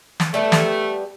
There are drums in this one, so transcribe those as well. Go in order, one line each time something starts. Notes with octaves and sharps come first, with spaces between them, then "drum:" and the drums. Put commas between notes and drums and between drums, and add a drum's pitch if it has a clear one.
drum: snare
G3 A3 B3 G4
drum: snare